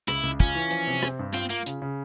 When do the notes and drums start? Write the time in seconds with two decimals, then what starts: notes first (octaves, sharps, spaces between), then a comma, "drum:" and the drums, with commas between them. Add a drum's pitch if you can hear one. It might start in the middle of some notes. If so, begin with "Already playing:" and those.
0.08 C#2 E4, drum: rim click
0.23 C#2
0.40 C#4 F4, drum: kick
0.55 E3
0.71 F3, drum: hi-hat
0.87 C3
1.03 C4, drum: rim click
1.19 G2
1.34 C4 F4, drum: hi-hat
1.50 A#3 F4
1.66 C#3, drum: hi-hat
1.82 C#3